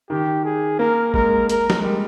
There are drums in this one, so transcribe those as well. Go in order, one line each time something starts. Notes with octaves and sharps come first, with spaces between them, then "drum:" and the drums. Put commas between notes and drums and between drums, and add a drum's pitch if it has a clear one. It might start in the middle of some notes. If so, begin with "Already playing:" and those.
D#3 G4
G#4
A#3 A#4
G#3 A#4, drum: kick G#1
A#4, drum: hi-hat
drum: snare
G#3
G3